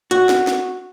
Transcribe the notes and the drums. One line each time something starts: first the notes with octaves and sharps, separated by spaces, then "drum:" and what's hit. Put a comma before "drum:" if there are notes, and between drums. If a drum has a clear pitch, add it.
F#4, drum: hi-hat
drum: snare
drum: snare